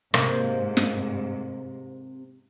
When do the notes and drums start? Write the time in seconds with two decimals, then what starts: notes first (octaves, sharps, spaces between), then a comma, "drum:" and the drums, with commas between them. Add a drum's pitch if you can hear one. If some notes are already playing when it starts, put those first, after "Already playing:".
0.14 G#2 C3 A#3, drum: rim click
0.77 drum: snare